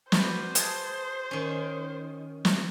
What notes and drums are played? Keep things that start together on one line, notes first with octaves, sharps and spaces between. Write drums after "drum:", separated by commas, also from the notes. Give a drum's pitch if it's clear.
F#4 B4 C5 D5, drum: snare
G#4 A5, drum: hi-hat
D#3 C#4
drum: snare